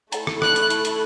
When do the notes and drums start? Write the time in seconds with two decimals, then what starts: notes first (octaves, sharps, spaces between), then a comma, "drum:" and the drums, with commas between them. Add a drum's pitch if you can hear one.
0.12 A3 E4 A4 A5, drum: hi-hat
0.27 drum: rim click
0.42 F#6, drum: rim click
0.56 drum: hi-hat
0.70 drum: hi-hat
0.85 drum: hi-hat